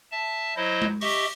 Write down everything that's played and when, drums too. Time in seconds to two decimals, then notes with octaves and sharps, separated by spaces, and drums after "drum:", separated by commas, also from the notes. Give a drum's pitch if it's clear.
0.11 E5 A5
0.56 F#3 E4 C5 D#5
0.82 drum: tom G#3
1.01 G4 D#5 E5 C#6, drum: open hi-hat